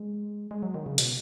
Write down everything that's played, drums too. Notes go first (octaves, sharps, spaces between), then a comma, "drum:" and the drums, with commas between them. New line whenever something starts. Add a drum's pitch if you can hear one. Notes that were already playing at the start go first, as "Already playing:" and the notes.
Already playing: G#3
G#3
F#3
D#3
C#3
B2, drum: hi-hat